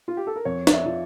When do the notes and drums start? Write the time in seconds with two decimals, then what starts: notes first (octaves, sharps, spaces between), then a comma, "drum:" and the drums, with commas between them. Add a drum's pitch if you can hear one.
0.08 F4
0.17 G4
0.27 A4
0.36 A#4
0.45 F2 C#5
0.67 D5, drum: snare
0.72 E5
0.86 F3